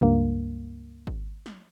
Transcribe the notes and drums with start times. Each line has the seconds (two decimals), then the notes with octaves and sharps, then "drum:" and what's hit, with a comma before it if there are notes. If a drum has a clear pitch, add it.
0.01 C#2 G2 A#3
1.07 drum: kick G#1
1.46 drum: snare